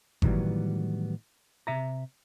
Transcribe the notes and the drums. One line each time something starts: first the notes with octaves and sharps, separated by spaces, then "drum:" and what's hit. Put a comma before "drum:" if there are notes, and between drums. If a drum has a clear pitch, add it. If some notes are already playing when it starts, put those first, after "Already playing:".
A2 D#3 E3 F#3 G3 B3, drum: kick G1
C3 E5 A#5